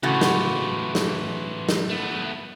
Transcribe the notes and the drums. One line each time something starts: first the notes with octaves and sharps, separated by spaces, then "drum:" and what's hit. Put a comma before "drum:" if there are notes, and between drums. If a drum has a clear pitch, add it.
A2 C#3 E3 F4 F#4
drum: snare
drum: snare
drum: snare
A3 B3